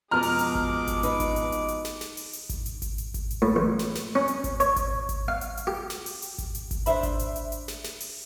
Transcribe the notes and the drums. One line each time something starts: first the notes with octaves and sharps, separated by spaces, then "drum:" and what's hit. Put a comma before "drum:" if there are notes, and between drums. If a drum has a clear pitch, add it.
F2 B2 G#3 B3 A#5 D6 F6
drum: open hi-hat
drum: hi-hat
drum: kick G#1
drum: kick G#1, hi-hat
D#4 B4, drum: hi-hat
drum: kick G#1, hi-hat
drum: hi-hat
drum: hi-hat
drum: hi-hat
drum: snare
drum: snare
drum: open hi-hat
drum: hi-hat
drum: kick G#1, hi-hat
drum: hi-hat
drum: kick G#1, hi-hat
drum: hi-hat
drum: kick G#1, hi-hat
drum: hi-hat
A2
A1
drum: snare
drum: snare
C#4
drum: hi-hat
drum: kick G#1, hi-hat
C#5, drum: hi-hat
drum: kick G#1, hi-hat
drum: kick G#1, hi-hat
F5
drum: hi-hat
drum: hi-hat
G4
drum: snare
drum: open hi-hat
drum: hi-hat
drum: kick G#1, hi-hat
drum: hi-hat
drum: kick G#1, hi-hat
D4 C5 E5 B5, drum: hi-hat
drum: kick G#1, hi-hat
drum: hi-hat
drum: hi-hat
drum: hi-hat
drum: snare
drum: snare
drum: open hi-hat